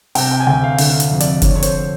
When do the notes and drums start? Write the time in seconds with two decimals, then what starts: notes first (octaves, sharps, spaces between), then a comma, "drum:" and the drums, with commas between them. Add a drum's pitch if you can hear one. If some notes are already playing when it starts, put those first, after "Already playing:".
0.15 C3 G5, drum: open hi-hat
0.31 G5
0.40 G#5
0.46 D2 G5
0.63 F5
0.78 D3 F5, drum: open hi-hat
1.00 drum: hi-hat
1.11 F2
1.20 D5, drum: hi-hat
1.42 D3 C#5, drum: kick F1, hi-hat
1.56 C#5
1.63 C5, drum: hi-hat